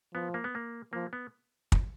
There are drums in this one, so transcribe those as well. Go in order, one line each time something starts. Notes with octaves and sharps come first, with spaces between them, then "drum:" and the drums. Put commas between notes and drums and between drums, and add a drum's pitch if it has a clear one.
F3 B3
A#3
B3
A#3
F3 A#3
B3
drum: kick